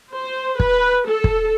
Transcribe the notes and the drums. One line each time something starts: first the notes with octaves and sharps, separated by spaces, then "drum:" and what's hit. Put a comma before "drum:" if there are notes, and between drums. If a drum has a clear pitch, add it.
C5
B4, drum: kick
A4
drum: kick